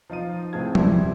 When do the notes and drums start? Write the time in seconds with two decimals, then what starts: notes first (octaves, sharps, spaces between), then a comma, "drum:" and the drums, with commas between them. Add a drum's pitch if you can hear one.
0.10 F3 D#4 F4 D#7
0.53 A2 C4 G#4 A5 G#6
0.75 D#1 C3 E4 D5 C6, drum: tom